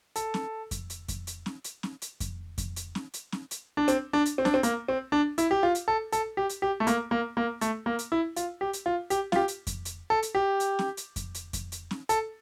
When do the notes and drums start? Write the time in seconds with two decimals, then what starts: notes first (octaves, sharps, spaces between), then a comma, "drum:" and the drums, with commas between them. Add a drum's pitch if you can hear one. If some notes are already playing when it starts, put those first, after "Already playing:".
0.16 A4, drum: hi-hat
0.34 drum: snare
0.71 drum: kick F2, hi-hat
0.90 drum: hi-hat
1.08 drum: kick F2, hi-hat
1.27 drum: hi-hat
1.46 drum: snare
1.64 drum: hi-hat
1.83 drum: snare
2.02 drum: hi-hat
2.20 drum: kick F2, hi-hat
2.58 drum: kick F2, hi-hat
2.76 drum: hi-hat
2.95 drum: snare
3.14 drum: hi-hat
3.32 drum: snare
3.51 drum: hi-hat
3.77 D4
3.88 C4, drum: hi-hat
4.13 D4
4.26 drum: hi-hat
4.38 C4
4.45 D4, drum: snare
4.54 C4
4.63 A#3, drum: hi-hat
4.88 C4
5.12 D4
5.38 E4, drum: hi-hat
5.51 G4
5.63 F4
5.75 drum: hi-hat
5.88 A4
6.12 A4, drum: hi-hat
6.37 G4
6.50 drum: hi-hat
6.62 G4
6.80 A3
6.87 A#3, drum: hi-hat
7.11 A#3
7.37 A#3
7.61 A3, drum: hi-hat
7.86 A#3
7.99 drum: hi-hat
8.12 E4
8.36 F4, drum: hi-hat
8.61 G4
8.73 drum: hi-hat
8.86 F4
9.10 G4, drum: hi-hat
9.32 F4, drum: snare
9.36 G4
9.48 drum: hi-hat
9.67 drum: kick F2, hi-hat
9.85 drum: hi-hat
10.10 A4
10.23 drum: hi-hat
10.35 G4
10.60 drum: hi-hat
10.79 drum: snare
10.97 drum: hi-hat
11.16 drum: kick F2, hi-hat
11.35 drum: hi-hat
11.53 drum: kick F2, hi-hat
11.72 drum: hi-hat
11.91 drum: snare
12.09 A4, drum: hi-hat